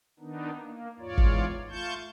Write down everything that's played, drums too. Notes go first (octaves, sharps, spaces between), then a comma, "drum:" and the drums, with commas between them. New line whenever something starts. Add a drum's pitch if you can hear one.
D#3 B3 D4 D#4
A#3
E2 G#2 F4 C#5 D5
drum: kick G1
A3 F4 A5 C#6 G6